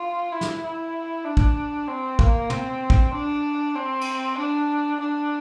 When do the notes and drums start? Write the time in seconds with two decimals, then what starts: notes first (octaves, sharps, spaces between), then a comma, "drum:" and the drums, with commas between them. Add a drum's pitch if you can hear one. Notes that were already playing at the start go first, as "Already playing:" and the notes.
Already playing: F4
0.32 E4
0.41 drum: snare
0.63 E4
1.25 D4
1.37 drum: kick
1.88 C4
2.19 A#3, drum: kick
2.50 C4, drum: tom
2.90 drum: kick
3.12 D4
3.75 C4
4.01 drum: cymbal
4.37 D4
5.00 D4